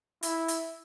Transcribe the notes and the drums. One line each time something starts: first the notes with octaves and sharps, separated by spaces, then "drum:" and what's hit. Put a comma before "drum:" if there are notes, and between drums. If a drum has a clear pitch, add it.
E4, drum: hi-hat
drum: hi-hat